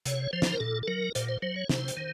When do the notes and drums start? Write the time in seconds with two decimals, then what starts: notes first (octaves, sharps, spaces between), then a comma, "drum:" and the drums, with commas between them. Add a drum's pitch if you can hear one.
0.06 C3 C#5, drum: hi-hat
0.33 F3 C5
0.42 drum: snare
0.53 A#4
0.60 A#2 A4
0.83 A4
0.88 F#3 A#4
1.15 A#2 C5, drum: hi-hat
1.29 C5
1.42 F#3 C5
1.56 C#5
1.69 C3 C5, drum: snare
1.88 drum: hi-hat
1.97 D#3